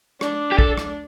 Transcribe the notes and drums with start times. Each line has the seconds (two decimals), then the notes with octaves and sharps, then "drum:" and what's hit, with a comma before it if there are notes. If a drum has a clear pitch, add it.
0.21 D4, drum: rim click
0.52 G4
0.59 A4, drum: kick
0.77 drum: rim click